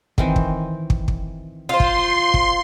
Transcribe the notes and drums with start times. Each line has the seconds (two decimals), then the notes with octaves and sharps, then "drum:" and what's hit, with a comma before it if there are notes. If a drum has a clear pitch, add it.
0.18 D#3 E3 C4, drum: kick
0.36 drum: kick
0.90 drum: kick
1.08 drum: kick
1.69 F4 C5 C6
1.80 drum: kick
2.34 drum: kick